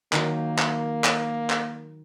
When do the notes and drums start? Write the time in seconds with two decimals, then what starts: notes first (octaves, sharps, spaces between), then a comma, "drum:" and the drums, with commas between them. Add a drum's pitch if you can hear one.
0.13 D#3 F#3 A#3, drum: clap
0.59 drum: clap
1.04 drum: clap
1.50 drum: clap